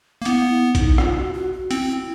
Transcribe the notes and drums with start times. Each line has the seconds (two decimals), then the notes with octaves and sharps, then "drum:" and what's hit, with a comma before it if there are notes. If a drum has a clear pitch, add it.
0.22 A#3
0.25 B3 E4, drum: hi-hat
0.50 E4
0.75 D#4, drum: kick, hi-hat
0.98 F4, drum: rim click
1.17 F#4
1.34 F#4
1.53 F#4
1.71 C4 E4, drum: hi-hat